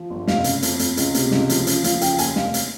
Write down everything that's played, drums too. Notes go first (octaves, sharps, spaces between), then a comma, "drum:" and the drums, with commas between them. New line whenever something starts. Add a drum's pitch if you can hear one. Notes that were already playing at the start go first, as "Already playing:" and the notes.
Already playing: F3
G1
F1 F5, drum: snare
C#3, drum: hi-hat
F2, drum: hi-hat
F2, drum: hi-hat
C#2, drum: hi-hat
C3, drum: hi-hat
C#2, drum: snare
F3, drum: hi-hat
C#3, drum: hi-hat
F3 F5, drum: hi-hat
C#3 G5, drum: hi-hat
D#2 G#5, drum: hi-hat
F1 F5, drum: snare
drum: hi-hat